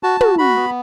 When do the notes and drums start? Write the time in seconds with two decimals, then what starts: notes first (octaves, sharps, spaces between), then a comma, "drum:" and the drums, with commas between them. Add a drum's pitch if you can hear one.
0.03 F#4 A5
0.21 F#4, drum: tom
0.38 F#4 B5
0.56 B3